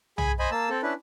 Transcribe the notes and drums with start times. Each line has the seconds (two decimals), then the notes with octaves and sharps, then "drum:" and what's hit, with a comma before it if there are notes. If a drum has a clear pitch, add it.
0.18 G#4 G#5 B5, drum: tom
0.39 C5 D#5 G#5 B5
0.51 A#3 A5 E6
0.70 C4 A4
0.82 C#4 D4 E4 B4